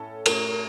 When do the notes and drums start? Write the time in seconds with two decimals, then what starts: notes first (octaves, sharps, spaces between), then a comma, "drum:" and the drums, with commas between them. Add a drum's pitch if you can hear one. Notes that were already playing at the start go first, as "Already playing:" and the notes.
Already playing: A2 A3 C#4 A4
0.26 A2 A3 C#4 A#4, drum: cymbal